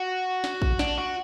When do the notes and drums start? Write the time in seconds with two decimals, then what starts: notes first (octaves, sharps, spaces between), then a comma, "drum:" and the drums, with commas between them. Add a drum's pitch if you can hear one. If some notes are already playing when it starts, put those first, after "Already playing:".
Already playing: F#4
0.44 drum: snare
0.62 drum: kick
0.79 D4, drum: snare
0.98 F#4